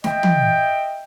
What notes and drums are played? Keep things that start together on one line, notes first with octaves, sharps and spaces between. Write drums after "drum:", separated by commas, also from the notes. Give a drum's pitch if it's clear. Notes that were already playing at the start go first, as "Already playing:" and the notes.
D#5 E5 G5, drum: snare
drum: tom